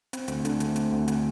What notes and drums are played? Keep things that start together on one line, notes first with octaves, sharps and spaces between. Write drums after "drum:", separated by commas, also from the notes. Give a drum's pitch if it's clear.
C4, drum: hi-hat
D2, drum: hi-hat
D3, drum: hi-hat
A3, drum: hi-hat
C4, drum: hi-hat
D2
D3, drum: hi-hat